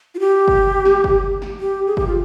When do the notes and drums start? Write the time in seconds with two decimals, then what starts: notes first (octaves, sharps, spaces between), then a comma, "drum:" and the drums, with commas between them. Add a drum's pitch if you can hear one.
0.15 F4
0.20 G4
0.48 drum: kick F#1
0.85 drum: snare
1.04 drum: kick F#1
1.42 drum: snare
1.60 G4
1.87 G#4
1.97 G4, drum: kick F#1
2.07 F4